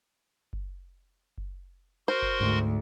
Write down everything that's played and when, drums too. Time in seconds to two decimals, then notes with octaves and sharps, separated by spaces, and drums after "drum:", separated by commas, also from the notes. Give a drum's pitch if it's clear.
0.53 drum: kick F#1
1.38 drum: kick F#1
2.08 F#4 A#4 C5 C6
2.22 drum: kick F#1
2.41 D2 G#2